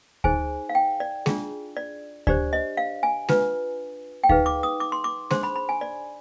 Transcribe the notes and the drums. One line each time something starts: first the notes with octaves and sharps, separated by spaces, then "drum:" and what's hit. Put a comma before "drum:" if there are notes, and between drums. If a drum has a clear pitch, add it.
D#4 G#4 C5 G#5, drum: kick D2
F5
G5
D5
D4 F4 G#4, drum: snare G#3
D5
D4 G4 C5 D5, drum: kick D2
D#5
F5
G#5
D4 F4 B4, drum: snare G#3
G5
D#4 G#4 B4 F5, drum: kick D2
D6
D#6
D6
C6
D6
D4 G#4 C5 C6, drum: snare G#3
B5
B5
G#5
D5